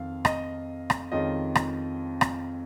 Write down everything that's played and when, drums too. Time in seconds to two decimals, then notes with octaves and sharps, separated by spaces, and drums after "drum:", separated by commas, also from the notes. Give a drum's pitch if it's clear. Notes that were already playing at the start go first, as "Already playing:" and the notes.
Already playing: F2 D#3 F5
0.25 D#5, drum: rim click
0.90 drum: rim click
1.11 F2 D#3 G#3 C#4 F4 D#5
1.55 drum: rim click
2.21 drum: rim click